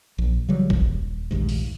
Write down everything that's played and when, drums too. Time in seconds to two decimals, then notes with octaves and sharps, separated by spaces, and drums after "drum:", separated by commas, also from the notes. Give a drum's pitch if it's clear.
0.18 A#1
0.49 C#3 E3 F#3 G3
0.70 D#1, drum: kick
1.31 F1 A#1 D#2 G#2
1.49 drum: open hi-hat